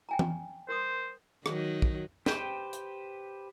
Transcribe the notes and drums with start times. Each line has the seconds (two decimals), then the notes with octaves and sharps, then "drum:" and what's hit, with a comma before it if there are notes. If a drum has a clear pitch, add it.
0.09 G5 G#5 A#5
0.19 drum: tom
0.69 A#4 C5 C6 D#6
1.46 D#3 F#3 D#4, drum: rim click
1.82 drum: kick
2.26 G4 B4 C5 G5, drum: snare
2.73 drum: hi-hat